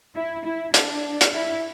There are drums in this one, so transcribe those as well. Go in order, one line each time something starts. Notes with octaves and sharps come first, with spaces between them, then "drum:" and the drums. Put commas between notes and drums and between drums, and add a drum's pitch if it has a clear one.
E4
E4
D4, drum: hi-hat
drum: hi-hat
E4